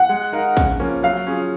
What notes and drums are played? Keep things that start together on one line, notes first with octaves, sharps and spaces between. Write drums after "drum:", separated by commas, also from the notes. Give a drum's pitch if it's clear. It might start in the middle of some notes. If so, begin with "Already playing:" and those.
Already playing: F#5
G#3
D#4 A#4 F5
C#3, drum: kick, tambourine
F3 A#3 C#4
F#3 F5
C#4 F4 G#4